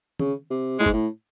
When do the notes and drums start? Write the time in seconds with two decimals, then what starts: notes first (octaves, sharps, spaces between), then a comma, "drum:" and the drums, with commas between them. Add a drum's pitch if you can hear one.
0.19 C#3, drum: tom D#3
0.50 C3
0.80 A2 G#3
0.86 G#2, drum: kick
0.93 A2